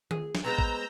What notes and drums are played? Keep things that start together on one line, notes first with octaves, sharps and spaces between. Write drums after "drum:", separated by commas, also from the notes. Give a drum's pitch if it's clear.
G#4, drum: tom D#3
drum: snare
G#3 B3 C4 A#5 E6 G6
drum: kick A1